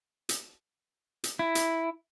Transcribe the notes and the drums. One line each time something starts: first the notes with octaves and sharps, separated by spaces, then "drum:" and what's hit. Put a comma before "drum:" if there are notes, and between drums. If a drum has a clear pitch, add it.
drum: hi-hat
drum: hi-hat
E4
drum: hi-hat